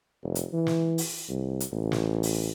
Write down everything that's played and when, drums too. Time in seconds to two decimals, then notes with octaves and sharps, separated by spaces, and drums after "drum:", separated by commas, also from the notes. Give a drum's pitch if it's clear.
0.23 F1
0.35 drum: hi-hat
0.53 E3
0.67 drum: snare
0.98 drum: open hi-hat
1.29 C2
1.60 drum: hi-hat
1.72 A1
1.92 drum: snare
2.23 drum: open hi-hat